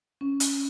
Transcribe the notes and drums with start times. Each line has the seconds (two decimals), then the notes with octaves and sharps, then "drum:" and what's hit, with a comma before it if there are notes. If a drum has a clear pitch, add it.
0.21 C#4
0.40 drum: hi-hat